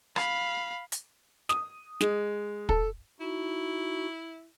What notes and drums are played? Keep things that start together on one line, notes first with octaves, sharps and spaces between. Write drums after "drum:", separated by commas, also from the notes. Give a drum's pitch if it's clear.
F5 B5, drum: rim click
drum: hi-hat
D#6, drum: snare
G#3, drum: snare
A4, drum: kick
D#4 E4 F#4